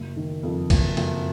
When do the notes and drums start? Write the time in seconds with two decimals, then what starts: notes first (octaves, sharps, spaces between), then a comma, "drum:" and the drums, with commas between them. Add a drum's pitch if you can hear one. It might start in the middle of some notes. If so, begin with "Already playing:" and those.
Already playing: F#1
0.16 D#3
0.43 F2
0.70 F#1, drum: kick, cymbal
0.97 F#1, drum: cymbal